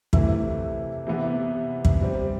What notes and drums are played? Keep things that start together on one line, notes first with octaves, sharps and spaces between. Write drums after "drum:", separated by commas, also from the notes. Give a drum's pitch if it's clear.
C3 E3 A3 E4, drum: kick
C3 E3 B3
drum: kick
G3 C4 G4